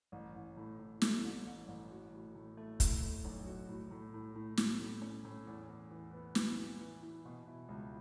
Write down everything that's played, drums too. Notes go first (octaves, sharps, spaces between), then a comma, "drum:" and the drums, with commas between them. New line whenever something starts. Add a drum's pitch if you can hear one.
A1
A1
A2
A2
A3, drum: snare
A1
A1
A1
F#4
A2
A2
A3
A2, drum: kick, hi-hat
A3
B1
F#4
A2
A2
A2
A2
A2, drum: snare
A2
C#4
A2
E2
E2
E3
B3
E3, drum: snare
E3
E3
E3
B2
E4
C#2